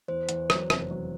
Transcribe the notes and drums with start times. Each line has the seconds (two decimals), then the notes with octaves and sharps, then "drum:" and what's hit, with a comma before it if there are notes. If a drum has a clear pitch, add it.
0.08 E2 C5
0.29 E2, drum: hi-hat
0.50 F#3, drum: rim click
0.70 F1, drum: rim click
0.91 F#3